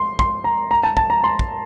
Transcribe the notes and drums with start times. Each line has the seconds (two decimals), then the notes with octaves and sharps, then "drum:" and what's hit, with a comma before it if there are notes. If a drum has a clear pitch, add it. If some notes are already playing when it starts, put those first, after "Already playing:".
Already playing: C6
0.19 C6, drum: kick
0.44 A#5
0.71 A#5
0.83 A5
0.97 A5, drum: kick
1.10 A#5
1.24 C6
1.39 drum: kick